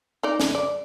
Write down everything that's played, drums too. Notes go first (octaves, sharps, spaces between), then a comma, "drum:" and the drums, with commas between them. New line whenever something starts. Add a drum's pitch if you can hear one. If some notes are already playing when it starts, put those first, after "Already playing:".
D#4 D5
drum: snare
D5